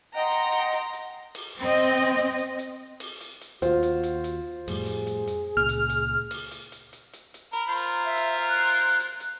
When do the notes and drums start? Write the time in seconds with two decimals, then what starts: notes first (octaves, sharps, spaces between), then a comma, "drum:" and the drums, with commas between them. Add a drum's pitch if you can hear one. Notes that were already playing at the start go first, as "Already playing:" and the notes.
0.15 D#5 F#5 G5 A#5 C6
0.31 drum: hi-hat
0.52 drum: hi-hat
0.73 drum: hi-hat
0.93 drum: hi-hat
1.35 drum: open hi-hat
1.62 C4 D#5
1.76 drum: hi-hat
1.97 drum: hi-hat
2.17 drum: hi-hat
2.38 drum: hi-hat
2.59 drum: hi-hat
3.00 drum: open hi-hat
3.21 drum: hi-hat
3.41 drum: hi-hat
3.62 D#2 F4 F#4 C5, drum: hi-hat
3.83 drum: hi-hat
4.03 drum: hi-hat
4.24 drum: hi-hat
4.68 F2 A2 G3 G#4, drum: open hi-hat
4.86 drum: hi-hat
5.07 drum: hi-hat
5.27 drum: hi-hat
5.57 C#2 A#2 F6
5.69 drum: hi-hat
5.89 drum: hi-hat
6.31 drum: open hi-hat
6.51 drum: hi-hat
6.72 drum: hi-hat
6.93 drum: hi-hat
7.13 drum: hi-hat
7.34 drum: hi-hat
7.53 A#4 B5, drum: hi-hat
7.69 F4 A#4 C5
8.05 E5
8.17 drum: hi-hat
8.37 drum: hi-hat
8.49 F#6
8.58 drum: hi-hat
8.79 drum: hi-hat
8.99 drum: hi-hat
9.20 drum: hi-hat